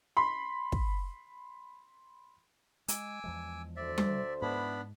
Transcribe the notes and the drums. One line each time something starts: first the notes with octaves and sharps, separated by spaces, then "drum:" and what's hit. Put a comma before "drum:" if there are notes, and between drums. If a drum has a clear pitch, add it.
B5 C6
drum: kick
G#3 G#5 D6 E6, drum: hi-hat
E2 F3 G#3
D2 C5 D5 E5
drum: tom G3
G#2 B3 D4 E4 B5